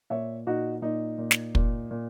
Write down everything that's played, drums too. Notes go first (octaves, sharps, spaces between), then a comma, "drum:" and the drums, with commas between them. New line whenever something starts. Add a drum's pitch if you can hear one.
A#2 C#5 E5
A#2 D#4 F#4
A#2 D#4
A#2
drum: snare
A#2, drum: kick
A#2